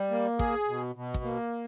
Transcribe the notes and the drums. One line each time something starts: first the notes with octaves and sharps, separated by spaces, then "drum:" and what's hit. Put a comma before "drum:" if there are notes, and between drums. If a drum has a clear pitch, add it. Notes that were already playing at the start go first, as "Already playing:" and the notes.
Already playing: G3
A#3
G#4, drum: kick
B2
B2
drum: kick
A#3